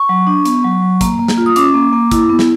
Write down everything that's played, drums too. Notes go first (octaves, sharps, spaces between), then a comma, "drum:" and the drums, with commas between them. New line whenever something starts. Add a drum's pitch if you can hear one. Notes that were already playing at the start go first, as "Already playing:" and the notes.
Already playing: C#6
F#3
D4
B3, drum: hi-hat
F#3
F#3
A#3, drum: kick, hi-hat
A#3
drum: snare
F4
D#6
C#4 D6, drum: hi-hat
A#3
A#3
E4, drum: kick, hi-hat
B3
drum: snare